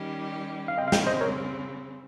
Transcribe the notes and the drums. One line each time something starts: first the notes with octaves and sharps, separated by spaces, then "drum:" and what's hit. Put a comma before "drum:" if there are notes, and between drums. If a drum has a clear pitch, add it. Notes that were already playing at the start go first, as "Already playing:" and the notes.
Already playing: D#3 G3 C#4 G4
F5
C#3 G3 C4 D#5 G5
F5
D#5 G5, drum: snare
C5 D#5
A#4 C#5